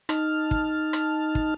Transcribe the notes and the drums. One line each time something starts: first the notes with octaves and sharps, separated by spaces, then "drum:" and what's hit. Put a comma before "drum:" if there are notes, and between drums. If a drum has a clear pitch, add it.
D#4 A5 F6, drum: rim click
drum: kick
drum: rim click
drum: kick